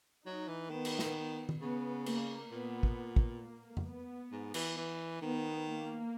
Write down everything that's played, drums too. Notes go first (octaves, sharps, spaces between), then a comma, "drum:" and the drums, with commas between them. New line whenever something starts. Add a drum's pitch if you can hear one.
F#3 D#4
E3
D#3 B3
drum: cymbal
drum: snare
drum: tom D#3
C#3 B3
A#3, drum: cymbal
A#2 B3
drum: kick
drum: kick
A#3
drum: tom F2
B3
G#2
E3, drum: cymbal
E3
D#3 B3
A#3